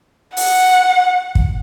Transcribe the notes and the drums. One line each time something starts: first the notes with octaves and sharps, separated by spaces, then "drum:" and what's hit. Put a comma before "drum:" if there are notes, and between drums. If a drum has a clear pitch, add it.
F#5, drum: open hi-hat
drum: kick